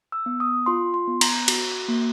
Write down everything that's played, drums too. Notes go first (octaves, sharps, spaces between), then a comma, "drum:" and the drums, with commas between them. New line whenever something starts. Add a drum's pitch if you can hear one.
E6
B3
D#6
F4 C6
C6
B3
A#5, drum: cymbal
F#4, drum: cymbal
A#3